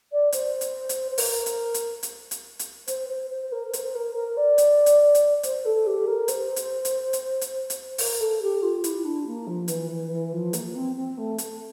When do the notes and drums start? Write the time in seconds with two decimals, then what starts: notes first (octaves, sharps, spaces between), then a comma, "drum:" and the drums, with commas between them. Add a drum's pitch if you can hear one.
0.12 D5
0.32 C5, drum: hi-hat
0.61 drum: hi-hat
0.89 drum: hi-hat
1.11 C5
1.18 A#4, drum: open hi-hat
1.46 drum: hi-hat
1.74 drum: hi-hat
2.03 drum: hi-hat
2.31 drum: hi-hat
2.59 drum: hi-hat
2.88 C5, drum: hi-hat
3.09 C5
3.30 C5
3.52 A#4
3.67 A#4
3.73 C5, drum: hi-hat
3.94 A#4
4.15 A#4
4.37 D5
4.58 drum: hi-hat
4.86 drum: hi-hat
5.15 drum: hi-hat
5.43 C5, drum: hi-hat
5.65 A4
5.86 G4
6.06 A#4
6.28 C5, drum: hi-hat
6.56 drum: hi-hat
6.85 drum: hi-hat
7.13 drum: hi-hat
7.41 drum: hi-hat
7.70 drum: hi-hat
7.98 A#4, drum: open hi-hat
8.20 A4
8.41 G4
8.62 F4
8.84 E4, drum: hi-hat
9.04 D4
9.26 A#3
9.47 F3
9.68 E3, drum: hi-hat
9.90 E3
10.11 E3
10.32 F3
10.53 A#3, drum: hi-hat
10.75 C4
10.95 C4
11.17 A3
11.38 drum: hi-hat